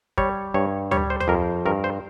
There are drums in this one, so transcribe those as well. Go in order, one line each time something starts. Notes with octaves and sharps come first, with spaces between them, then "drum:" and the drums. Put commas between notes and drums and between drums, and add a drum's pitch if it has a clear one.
G3 C#5, drum: kick
G2 C#5
G3 C#5, drum: tom D2
C5
C5, drum: tom D2
F2 A#4
G2 A#4
C5